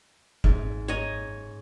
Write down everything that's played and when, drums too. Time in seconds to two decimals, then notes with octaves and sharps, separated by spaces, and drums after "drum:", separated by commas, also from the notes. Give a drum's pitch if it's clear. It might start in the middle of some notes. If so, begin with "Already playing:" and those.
0.44 G#2, drum: kick
0.88 C#5 D#5 A#5